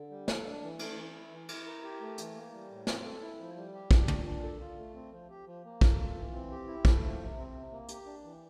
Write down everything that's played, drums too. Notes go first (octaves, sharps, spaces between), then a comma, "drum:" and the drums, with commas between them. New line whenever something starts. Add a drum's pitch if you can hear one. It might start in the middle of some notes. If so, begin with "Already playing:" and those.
Already playing: D3
G3
A4, drum: snare
D4
E3
A3, drum: cymbal
E3
E4
E3
E4, drum: cymbal
A#4
G4
A3
E3, drum: hi-hat
A#3
G3
A2
C4, drum: snare
A4
E4
F3
G3
G4
D4, drum: kick
A#2, drum: tom
D4
A4
F4
A3
C4
F3
G4
F3
A#3
A4, drum: kick
F4
E3
C4
G4
E4
A3, drum: kick
F3
C3
C4
C3
A#3
G4, drum: hi-hat
D4
E3